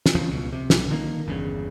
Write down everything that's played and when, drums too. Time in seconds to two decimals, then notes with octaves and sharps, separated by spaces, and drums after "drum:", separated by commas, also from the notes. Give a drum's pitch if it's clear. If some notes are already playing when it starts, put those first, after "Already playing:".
0.06 drum: snare
0.15 E2 C#3 F3
0.31 C#2 B2
0.53 C3
0.70 B1, drum: snare
0.90 D3 D#3 A#3
1.27 G1 E2 G2 C#3